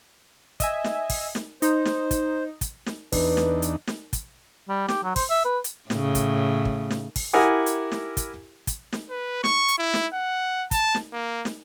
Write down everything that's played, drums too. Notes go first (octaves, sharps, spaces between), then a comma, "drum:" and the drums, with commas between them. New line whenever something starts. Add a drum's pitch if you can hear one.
D#5 E5 G#5, drum: kick, hi-hat
drum: snare
drum: kick, open hi-hat
drum: snare
D#4 C5, drum: hi-hat
drum: snare
drum: kick, hi-hat
drum: kick, hi-hat
drum: snare
E2 D4 D#4 B4, drum: kick, open hi-hat
drum: snare
drum: hi-hat
drum: snare
drum: kick, hi-hat
G3
G4, drum: snare
F#3
C5, drum: kick, open hi-hat
E5
B4
drum: hi-hat
A2 C#3, drum: snare
drum: kick, hi-hat
drum: kick
drum: snare
drum: kick, open hi-hat
E4 G4 A#4 F#5 G#5 D#6
drum: hi-hat
drum: snare
drum: kick, hi-hat
drum: kick, hi-hat
drum: snare
B4
C#6, drum: snare
drum: hi-hat
E4
drum: snare
F#5
A5, drum: kick, hi-hat
drum: snare
A#3
drum: snare